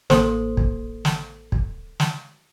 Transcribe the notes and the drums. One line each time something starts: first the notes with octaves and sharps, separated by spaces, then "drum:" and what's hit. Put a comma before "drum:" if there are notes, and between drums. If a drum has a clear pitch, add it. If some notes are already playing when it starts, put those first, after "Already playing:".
A1 A#3 A4 C5 C6 D#6, drum: snare
drum: kick
drum: snare
drum: kick
drum: snare